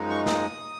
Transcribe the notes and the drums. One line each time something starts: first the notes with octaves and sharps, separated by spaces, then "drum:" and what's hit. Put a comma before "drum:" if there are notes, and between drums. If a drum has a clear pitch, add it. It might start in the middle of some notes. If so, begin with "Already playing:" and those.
Already playing: F#2 F3 G#3 D#4
C#6
D#6, drum: snare